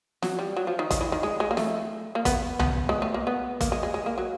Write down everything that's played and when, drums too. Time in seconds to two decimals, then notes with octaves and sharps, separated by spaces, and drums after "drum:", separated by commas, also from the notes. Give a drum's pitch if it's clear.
0.22 F#3, drum: snare
0.39 G3
0.57 F#3
0.67 F3
0.79 D#3
0.91 D#3, drum: kick, hi-hat
1.01 E3
1.12 D#3
1.23 G#3
1.40 G#3
1.51 A#3
1.57 A3, drum: snare
2.15 A#3
2.25 B3, drum: kick, hi-hat
2.59 B3, drum: tom C2
2.89 G#3
3.02 A3
3.14 A#3
3.27 B3
3.61 A#3, drum: kick, hi-hat
3.72 G#3
3.83 G#3
3.94 G#3
4.06 A#3
4.18 F#3